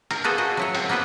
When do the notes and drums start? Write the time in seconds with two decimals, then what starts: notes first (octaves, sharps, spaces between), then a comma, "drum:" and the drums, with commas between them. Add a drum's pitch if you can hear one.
0.11 A#4, drum: cymbal
0.24 A#3 B3 F#4 G#4 A4 C5
0.38 A#3 F#4 D#5
0.57 F#3 E4 C#5
0.75 C4, drum: cymbal
0.89 A#3 B3 B4 C5